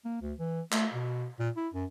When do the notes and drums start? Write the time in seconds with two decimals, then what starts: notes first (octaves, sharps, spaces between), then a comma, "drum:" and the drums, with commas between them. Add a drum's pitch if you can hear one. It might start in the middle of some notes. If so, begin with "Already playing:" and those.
0.05 A#3
0.22 D2
0.39 E3
0.72 A3, drum: clap
0.94 B2
1.39 A#2
1.57 E4
1.74 F#2